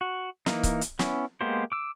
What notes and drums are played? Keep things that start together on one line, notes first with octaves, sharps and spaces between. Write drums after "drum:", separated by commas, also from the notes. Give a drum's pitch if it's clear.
F#4
E3 A#3 D#4, drum: snare
drum: kick C#1, hi-hat
drum: hi-hat
B3 C#4 E4, drum: snare
G#3 A#3 B3 G4 C5
D6 E6